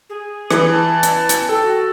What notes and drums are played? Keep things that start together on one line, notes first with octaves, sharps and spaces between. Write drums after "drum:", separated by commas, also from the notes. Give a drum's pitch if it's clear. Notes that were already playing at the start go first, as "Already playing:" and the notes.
G#4
E3, drum: rim click
A5
drum: hi-hat
drum: hi-hat
A4 G5
F#4